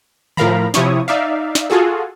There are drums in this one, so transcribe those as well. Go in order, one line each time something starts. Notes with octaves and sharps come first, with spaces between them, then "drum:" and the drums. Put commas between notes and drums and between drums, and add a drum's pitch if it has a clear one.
A2 F3 A#4 F5 A#5 B5, drum: tom D3
C3 F3 E4 C#5 C#6 D#6, drum: snare
D#4 D5 E5 F5
drum: snare
F4 F#4 G#4 A4